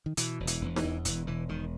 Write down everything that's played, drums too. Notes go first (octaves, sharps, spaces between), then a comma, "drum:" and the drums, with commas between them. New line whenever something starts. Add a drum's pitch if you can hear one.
D#3
B2 E3, drum: hi-hat
E1
E3, drum: hi-hat
E1
E3, drum: snare D#4
E2
E1 E3, drum: hi-hat
E1 E3
E1 D#3